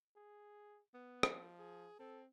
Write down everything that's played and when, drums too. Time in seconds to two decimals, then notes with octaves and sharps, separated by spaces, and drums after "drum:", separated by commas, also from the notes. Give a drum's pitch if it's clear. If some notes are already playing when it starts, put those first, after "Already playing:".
0.16 G#4
0.94 B3
1.23 F3, drum: rim click
1.59 G#4
1.99 C4 A4